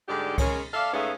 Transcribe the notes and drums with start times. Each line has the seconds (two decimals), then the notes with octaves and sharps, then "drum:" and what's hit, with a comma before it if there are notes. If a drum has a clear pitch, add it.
0.08 G#2 D3 G3 D#4 G4
0.38 C#3 G#3 C#4 A#4 C#5, drum: kick C2, cymbal
0.73 A4 D5 E5 F5
0.93 G#2 A3 B3 C#4 G#4 F5